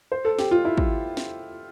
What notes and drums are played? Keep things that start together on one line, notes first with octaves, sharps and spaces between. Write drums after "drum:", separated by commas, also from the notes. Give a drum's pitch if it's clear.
C5
A4
G4, drum: snare
F4
E4
drum: kick
drum: snare